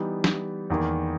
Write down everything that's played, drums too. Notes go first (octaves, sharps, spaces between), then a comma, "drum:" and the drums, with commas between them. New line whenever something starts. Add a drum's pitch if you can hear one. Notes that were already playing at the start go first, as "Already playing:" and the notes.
Already playing: E3 G3 B3 D#4
drum: snare
E2 D#3 A#3